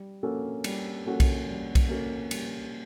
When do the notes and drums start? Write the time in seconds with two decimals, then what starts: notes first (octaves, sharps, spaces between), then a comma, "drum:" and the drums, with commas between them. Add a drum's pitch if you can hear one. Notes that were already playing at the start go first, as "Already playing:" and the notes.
Already playing: G3
0.23 A#3 C#4 F#4 A4
0.64 G3, drum: cymbal
1.06 A#3 C#4 F#4 A4
1.20 drum: kick B1, cymbal
1.47 G3
1.75 drum: kick B1, cymbal
1.89 A#3 C#4 F#4 A4
2.31 G3, drum: cymbal